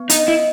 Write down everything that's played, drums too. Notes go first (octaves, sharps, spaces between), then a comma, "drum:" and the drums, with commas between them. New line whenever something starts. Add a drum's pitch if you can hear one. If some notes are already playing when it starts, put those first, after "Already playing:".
Already playing: B3
D#4 D#5, drum: hi-hat
E4